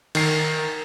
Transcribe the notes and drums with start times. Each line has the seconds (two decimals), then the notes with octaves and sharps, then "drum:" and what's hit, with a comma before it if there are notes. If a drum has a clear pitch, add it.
0.15 D#3 A#4 F#5 G#5 C7, drum: cymbal